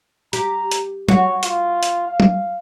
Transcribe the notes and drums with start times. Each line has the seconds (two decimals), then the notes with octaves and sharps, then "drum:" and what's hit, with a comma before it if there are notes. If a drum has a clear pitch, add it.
0.33 G4 A#5, drum: hi-hat
0.71 drum: hi-hat
1.09 F#4 C#5, drum: tom F#3
1.43 F4, drum: hi-hat
1.83 drum: hi-hat
2.07 F5
2.20 drum: tom F#3